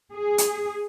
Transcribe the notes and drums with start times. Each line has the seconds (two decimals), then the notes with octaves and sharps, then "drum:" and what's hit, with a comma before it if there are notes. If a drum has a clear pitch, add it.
0.11 G#4
0.38 drum: hi-hat